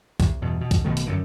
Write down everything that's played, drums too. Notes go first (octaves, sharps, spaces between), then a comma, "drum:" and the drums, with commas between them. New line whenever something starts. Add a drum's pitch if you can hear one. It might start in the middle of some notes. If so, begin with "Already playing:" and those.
C2, drum: kick, hi-hat
E2 G2 B2
B2
drum: kick, hi-hat
B1 B2 D#3 A3
drum: hi-hat
F#2 D3 D#3